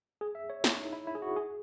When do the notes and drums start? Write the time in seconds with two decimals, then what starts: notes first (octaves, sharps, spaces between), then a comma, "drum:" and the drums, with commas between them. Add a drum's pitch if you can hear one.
0.21 G#4
0.35 E5
0.50 C#5
0.64 E4, drum: snare
0.78 D#4
0.93 E4
1.07 E4
1.15 G#4
1.22 F#4
1.36 G#4